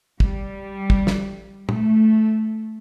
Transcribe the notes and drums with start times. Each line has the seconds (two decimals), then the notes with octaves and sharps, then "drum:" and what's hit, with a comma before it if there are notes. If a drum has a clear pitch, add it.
0.20 G3, drum: kick
0.90 drum: kick
1.07 drum: snare
1.69 A3, drum: tom A#2